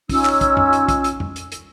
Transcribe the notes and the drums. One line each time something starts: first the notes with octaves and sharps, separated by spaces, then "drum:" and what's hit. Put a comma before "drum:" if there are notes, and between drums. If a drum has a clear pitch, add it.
C#4 D#4 F4 E6, drum: kick, open hi-hat
drum: clap
drum: kick, hi-hat
drum: tom F2
drum: hi-hat
drum: kick, hi-hat
drum: hi-hat
drum: tom F2
drum: hi-hat
drum: hi-hat